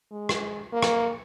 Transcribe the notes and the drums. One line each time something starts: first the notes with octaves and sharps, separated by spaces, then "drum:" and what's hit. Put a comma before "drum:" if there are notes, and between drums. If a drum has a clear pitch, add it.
G#3
drum: rim click
A#3
drum: rim click